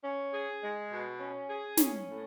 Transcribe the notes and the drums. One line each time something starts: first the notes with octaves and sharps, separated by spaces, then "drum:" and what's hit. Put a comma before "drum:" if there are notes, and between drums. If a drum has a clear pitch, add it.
C#4
G#4
G#3
B2
C#4
G#4
C#4, drum: snare
A2